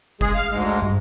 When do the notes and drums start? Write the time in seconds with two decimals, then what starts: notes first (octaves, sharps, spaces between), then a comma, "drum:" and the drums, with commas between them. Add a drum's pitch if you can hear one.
0.21 G#3 G#4, drum: kick F#1
0.35 F5
0.51 D2 G#2 G#3
0.82 G2